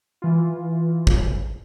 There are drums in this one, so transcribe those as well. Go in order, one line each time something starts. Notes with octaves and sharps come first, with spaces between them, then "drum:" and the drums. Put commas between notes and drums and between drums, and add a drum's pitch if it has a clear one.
E3 F4
drum: kick